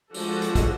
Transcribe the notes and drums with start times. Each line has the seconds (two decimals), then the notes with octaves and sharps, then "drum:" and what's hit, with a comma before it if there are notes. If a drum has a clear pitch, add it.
0.14 F3 G#3 D4 F#4 A4, drum: open hi-hat
0.42 drum: hi-hat
0.55 drum: kick, hi-hat